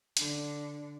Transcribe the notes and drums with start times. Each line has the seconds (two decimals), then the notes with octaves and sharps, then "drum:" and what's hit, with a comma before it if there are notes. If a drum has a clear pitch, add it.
0.17 D3, drum: hi-hat